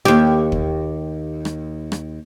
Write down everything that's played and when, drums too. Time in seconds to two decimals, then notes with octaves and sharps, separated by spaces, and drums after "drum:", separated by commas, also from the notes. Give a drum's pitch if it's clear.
0.05 D#2 G4, drum: rim click
0.52 drum: kick
1.45 drum: rim click
1.92 drum: rim click